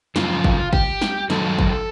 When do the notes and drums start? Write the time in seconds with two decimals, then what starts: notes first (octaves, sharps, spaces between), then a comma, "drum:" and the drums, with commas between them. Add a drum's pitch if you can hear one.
0.16 F#2 C#3 F3 F4, drum: snare
0.44 drum: kick
0.73 G4, drum: kick
1.01 drum: snare
1.30 F#2 D#3 F#3 A4, drum: snare
1.59 drum: kick